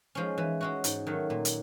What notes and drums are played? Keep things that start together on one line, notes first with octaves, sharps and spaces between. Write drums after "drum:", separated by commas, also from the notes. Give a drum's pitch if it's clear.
F3 G#3 C#4
E3
G#3 C#4 F#4
G#2, drum: hi-hat
D#3 F#3 A3
A#2
drum: hi-hat